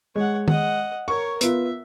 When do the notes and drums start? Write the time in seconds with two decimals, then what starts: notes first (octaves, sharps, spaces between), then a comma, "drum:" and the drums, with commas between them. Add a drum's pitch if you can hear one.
0.16 G#3 C#5 F#5
0.48 D#5 F#5, drum: tom D#3
1.08 A#4 C#5 C#6
1.41 B3 F4 E5, drum: hi-hat